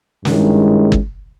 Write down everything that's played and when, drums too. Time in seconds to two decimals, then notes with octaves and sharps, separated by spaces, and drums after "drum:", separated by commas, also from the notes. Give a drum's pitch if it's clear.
0.25 G2 D#3 G#3 C#4 E4, drum: snare
0.92 drum: kick G1